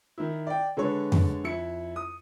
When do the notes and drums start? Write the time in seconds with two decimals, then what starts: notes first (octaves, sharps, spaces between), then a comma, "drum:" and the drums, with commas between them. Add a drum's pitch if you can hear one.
0.18 D#3 E4
0.47 D5 G5
0.77 D3 G#3 A4 B4 C#5
1.12 drum: tom F2
1.44 F2 E4 C#7
1.96 D#6